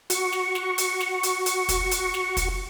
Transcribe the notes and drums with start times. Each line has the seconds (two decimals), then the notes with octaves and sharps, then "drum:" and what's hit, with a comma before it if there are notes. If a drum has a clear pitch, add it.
0.10 F#4 C#6, drum: hi-hat
0.32 drum: snare
0.55 drum: snare
0.78 drum: hi-hat
1.00 drum: snare
1.23 drum: hi-hat
1.46 drum: hi-hat
1.69 drum: kick, hi-hat
1.91 drum: hi-hat
2.14 drum: snare
2.37 drum: kick, hi-hat